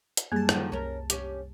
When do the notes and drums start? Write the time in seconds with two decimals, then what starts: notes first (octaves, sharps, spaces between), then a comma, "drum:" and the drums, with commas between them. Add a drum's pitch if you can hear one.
0.17 drum: hi-hat
0.32 F#2 G3 A#3 G#4 A5
0.49 D3 D#3 F3, drum: rim click
0.72 C2 C#4 A#4
1.10 C#4 G4, drum: hi-hat